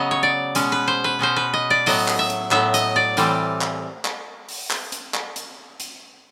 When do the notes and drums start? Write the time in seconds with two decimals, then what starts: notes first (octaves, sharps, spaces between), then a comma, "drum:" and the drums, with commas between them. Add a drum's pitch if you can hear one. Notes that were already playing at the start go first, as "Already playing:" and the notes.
Already playing: C#3 F#3 B3 D#5
0.11 C#5
0.23 D5
0.55 B2 G#3 C#4, drum: hi-hat
0.72 B4
0.88 C5
1.04 B4
1.19 B2 G#3 C#4 C5
1.36 B4
1.54 D#5
1.70 D5
1.86 A2 F#3 B3 D#5, drum: open hi-hat
2.08 drum: clap
2.19 E5
2.30 drum: hi-hat
2.51 A2 F#3 B3 E5, drum: clap
2.74 D#5, drum: hi-hat
2.96 D5
3.17 A2 E3 G3 C4, drum: hi-hat
3.61 drum: clap
4.05 drum: clap
4.49 drum: open hi-hat
4.70 drum: clap
4.92 drum: hi-hat
5.14 drum: clap
5.36 drum: hi-hat
5.80 drum: hi-hat